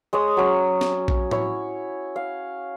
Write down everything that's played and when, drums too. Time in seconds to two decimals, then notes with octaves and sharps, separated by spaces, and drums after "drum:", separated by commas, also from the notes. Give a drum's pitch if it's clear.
0.13 G#3 C#5 D#6
0.37 F#3 C#4
0.81 drum: snare C4
1.08 drum: kick A#1
1.31 E4 C#5, drum: tom A2
2.16 F5